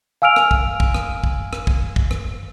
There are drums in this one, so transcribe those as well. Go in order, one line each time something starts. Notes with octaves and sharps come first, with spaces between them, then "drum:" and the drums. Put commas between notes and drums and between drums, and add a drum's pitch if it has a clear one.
F5 G#5 E6 F6 D7 F7
drum: rim click
drum: kick
drum: kick
drum: rim click
drum: kick
drum: rim click
drum: kick
drum: kick
drum: rim click